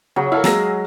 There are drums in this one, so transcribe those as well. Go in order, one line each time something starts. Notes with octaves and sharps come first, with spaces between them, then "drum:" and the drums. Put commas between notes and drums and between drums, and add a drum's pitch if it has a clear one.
C#3 F#3
E4 A4 A#4 F5
F#3 G#3 G#4 E6 A#6, drum: snare